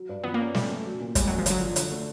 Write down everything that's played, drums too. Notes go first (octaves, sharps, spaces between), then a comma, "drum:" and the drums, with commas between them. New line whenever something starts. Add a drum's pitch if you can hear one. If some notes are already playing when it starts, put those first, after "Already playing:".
Already playing: F#3
G2
F3 B3
A#3
C#4
G3 A3, drum: snare
A3
F#3
A#2
G3 G#3, drum: kick, hi-hat
F#2 F#3
F3
D3 F#3, drum: hi-hat
F3
D3, drum: hi-hat
A3